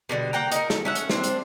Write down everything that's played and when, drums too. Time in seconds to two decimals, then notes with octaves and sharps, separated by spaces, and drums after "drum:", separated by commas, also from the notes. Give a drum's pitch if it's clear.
0.09 B2 D3 F#3 G3
0.33 A#3 F#5 G5 A#5
0.52 D#4 A#4, drum: hi-hat
0.70 A4, drum: snare
0.85 C#4 E5 F#5
0.95 drum: hi-hat
1.10 C4 D4 C5, drum: snare
1.24 drum: hi-hat